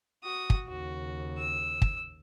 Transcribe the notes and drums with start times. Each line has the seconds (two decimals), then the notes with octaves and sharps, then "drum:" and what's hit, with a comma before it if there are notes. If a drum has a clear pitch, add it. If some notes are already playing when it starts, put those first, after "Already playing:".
0.23 F#4 D#6
0.50 drum: kick
0.68 D#2 C#3 F#4
1.38 E6
1.82 drum: kick